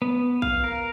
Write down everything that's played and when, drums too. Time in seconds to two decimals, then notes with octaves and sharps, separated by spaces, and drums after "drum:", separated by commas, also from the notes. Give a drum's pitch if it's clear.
0.02 B3
0.42 F5, drum: kick A#1
0.64 A#4